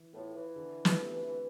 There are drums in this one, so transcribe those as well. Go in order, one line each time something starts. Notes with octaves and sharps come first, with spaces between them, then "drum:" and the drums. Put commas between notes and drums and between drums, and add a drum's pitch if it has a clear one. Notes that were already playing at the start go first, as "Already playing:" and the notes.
Already playing: E3
A2 B3 F4
E3
D3
drum: snare
F3 A3 C4 G4